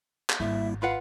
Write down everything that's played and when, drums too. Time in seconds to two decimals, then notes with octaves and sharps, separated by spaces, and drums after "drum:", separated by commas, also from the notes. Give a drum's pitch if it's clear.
0.30 drum: clap
0.40 G#1 G3 A#3 E4 E5
0.82 F4 B4 F5 F#5 B5